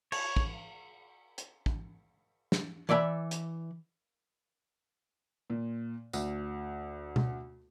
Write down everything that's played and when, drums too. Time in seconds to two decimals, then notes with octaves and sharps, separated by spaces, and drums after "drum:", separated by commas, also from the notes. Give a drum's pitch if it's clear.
0.12 C#5, drum: cymbal
0.36 drum: kick
1.38 drum: hi-hat
1.66 drum: kick
2.52 drum: snare
2.89 E3 D5 E5 G5 B5
3.31 drum: hi-hat
5.50 A#2
6.13 D2, drum: tambourine
7.16 drum: tom B2